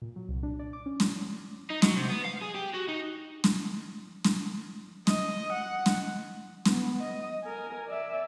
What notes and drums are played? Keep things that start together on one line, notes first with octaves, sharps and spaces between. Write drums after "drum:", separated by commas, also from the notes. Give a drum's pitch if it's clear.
A#2
F#3
C2
D4
D5
D6
C#4
F#3, drum: snare
D#4
F#3, drum: snare
C3
B3
F5
G#4
G4
F#4
D#4
drum: snare
drum: snare
D#5, drum: snare
F#5
drum: snare
B3, drum: snare
D#5
A#4 G#5
D5 E5